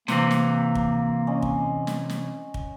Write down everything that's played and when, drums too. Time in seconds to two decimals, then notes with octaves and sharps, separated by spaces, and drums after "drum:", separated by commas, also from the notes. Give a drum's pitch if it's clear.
0.08 C3 E3 A#3 C4, drum: snare
0.31 drum: snare
0.75 drum: kick
1.27 C#4 D#5 C6
1.42 drum: kick
1.87 drum: snare
2.10 drum: snare
2.54 drum: kick